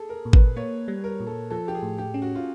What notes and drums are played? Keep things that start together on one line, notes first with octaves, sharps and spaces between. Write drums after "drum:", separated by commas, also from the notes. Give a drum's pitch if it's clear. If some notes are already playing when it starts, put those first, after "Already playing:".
Already playing: G#4 A4
A#4
A#2
B4, drum: kick G#1
A#3 C#5
G3
A#4
A#2
A4
F3 A4
G4
G#4
A2
G4
C#4
F#4
F4